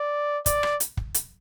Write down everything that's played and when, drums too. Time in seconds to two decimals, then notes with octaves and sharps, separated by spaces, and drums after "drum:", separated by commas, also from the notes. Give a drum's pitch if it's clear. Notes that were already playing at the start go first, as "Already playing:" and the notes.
Already playing: D5
0.46 D5, drum: kick, hi-hat
0.63 drum: rim click
0.80 drum: hi-hat
0.97 drum: kick
1.14 drum: hi-hat